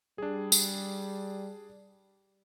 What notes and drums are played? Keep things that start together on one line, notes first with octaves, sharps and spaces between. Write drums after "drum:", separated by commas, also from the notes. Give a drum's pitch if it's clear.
G3 D4 G#4
drum: tambourine